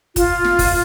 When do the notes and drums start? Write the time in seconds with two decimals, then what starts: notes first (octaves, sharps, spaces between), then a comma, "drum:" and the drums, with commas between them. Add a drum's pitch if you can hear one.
0.16 F4, drum: kick, hi-hat
0.45 drum: snare
0.59 drum: kick, open hi-hat